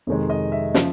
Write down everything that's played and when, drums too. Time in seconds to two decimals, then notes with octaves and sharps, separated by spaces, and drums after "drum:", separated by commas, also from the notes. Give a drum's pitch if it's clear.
0.07 F2 C3 D#3 G#3
0.30 D#5
0.52 E5
0.75 C#3 F3, drum: snare